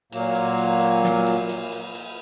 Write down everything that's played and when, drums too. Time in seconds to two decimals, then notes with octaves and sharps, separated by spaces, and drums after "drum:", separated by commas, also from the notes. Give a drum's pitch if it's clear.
0.12 A#2 F#3 A#3, drum: cymbal
0.35 drum: cymbal
0.58 drum: cymbal
0.81 drum: cymbal
1.04 drum: snare
1.27 drum: cymbal
1.49 drum: cymbal
1.72 drum: cymbal
1.95 drum: cymbal